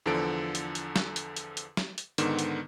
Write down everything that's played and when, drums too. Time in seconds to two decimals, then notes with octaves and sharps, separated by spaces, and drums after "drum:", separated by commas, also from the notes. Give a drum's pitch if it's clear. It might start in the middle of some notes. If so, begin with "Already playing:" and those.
0.06 E2 D3 F3 A4 D7
0.55 drum: hi-hat
0.75 drum: hi-hat
0.96 drum: snare
1.16 drum: hi-hat
1.36 drum: hi-hat
1.57 drum: hi-hat
1.77 drum: snare
1.98 drum: hi-hat
2.18 G#2 D3 D#3 B3 E7, drum: hi-hat
2.39 drum: hi-hat